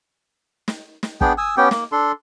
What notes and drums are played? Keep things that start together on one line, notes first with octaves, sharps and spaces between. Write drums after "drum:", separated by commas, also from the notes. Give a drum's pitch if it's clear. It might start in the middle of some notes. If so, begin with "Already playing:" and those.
drum: snare
drum: snare
B3 D4 G#4 G5, drum: kick
G#5 D#6 E6
B3 C#4 G4 G5
A#3, drum: snare
D4 A4 C6